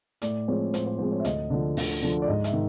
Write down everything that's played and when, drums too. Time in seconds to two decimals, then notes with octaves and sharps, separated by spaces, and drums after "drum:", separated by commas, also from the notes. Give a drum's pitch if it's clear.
0.22 A2 D5, drum: hi-hat
0.48 F3 G#3 C4 C#5
0.74 A2 C5, drum: hi-hat
0.86 C5
0.99 F3 G#3 C4 C5
1.12 C#5
1.19 E5
1.25 D2 D#5, drum: hi-hat
1.50 D3 F3
1.77 D2, drum: open hi-hat
2.02 D3 F3
2.22 D5
2.28 G#2 D#5
2.44 E5, drum: hi-hat
2.53 D#3